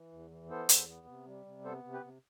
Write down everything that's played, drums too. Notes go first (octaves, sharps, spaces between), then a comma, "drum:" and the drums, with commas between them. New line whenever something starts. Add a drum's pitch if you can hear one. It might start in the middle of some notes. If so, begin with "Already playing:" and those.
Already playing: E3
E2
E3
B3 A4 C5
E2, drum: hi-hat
B3
C3
G3
C3
B3 A4 C5
C3
G4 B4
C3